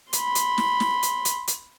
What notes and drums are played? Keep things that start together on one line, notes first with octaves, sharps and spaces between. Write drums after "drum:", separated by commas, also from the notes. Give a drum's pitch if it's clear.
B5 C6, drum: hi-hat
drum: hi-hat
drum: snare
drum: snare
drum: hi-hat
drum: hi-hat
drum: hi-hat